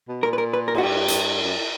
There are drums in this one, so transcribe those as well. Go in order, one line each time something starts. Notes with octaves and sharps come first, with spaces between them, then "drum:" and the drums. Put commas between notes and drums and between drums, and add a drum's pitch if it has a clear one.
B2
A#2 A#4
B4
A#4
B4
A#4
A#2 F#4, drum: cymbal
G2 G4
drum: hi-hat
F#2